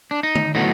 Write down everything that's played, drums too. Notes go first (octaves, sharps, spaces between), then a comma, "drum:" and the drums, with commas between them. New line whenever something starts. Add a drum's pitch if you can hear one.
D4
D#4
drum: tom D3
A2 F#3 B3 D#4